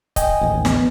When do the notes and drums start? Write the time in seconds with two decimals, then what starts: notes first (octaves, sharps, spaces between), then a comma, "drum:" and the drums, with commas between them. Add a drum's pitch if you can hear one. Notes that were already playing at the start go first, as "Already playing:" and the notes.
0.16 D#5 G5 G#5, drum: kick, hi-hat
0.41 A1 D#2
0.65 B3, drum: snare